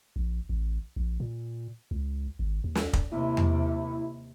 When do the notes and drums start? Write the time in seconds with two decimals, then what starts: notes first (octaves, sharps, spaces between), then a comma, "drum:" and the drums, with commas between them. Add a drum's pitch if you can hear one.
0.16 A#1
0.49 A1
0.96 A#1
1.20 A#2
1.91 C#2
2.39 G#1
2.64 D#2
2.75 drum: snare
2.93 drum: kick
3.12 D#2 C3 E4
3.37 drum: tom E2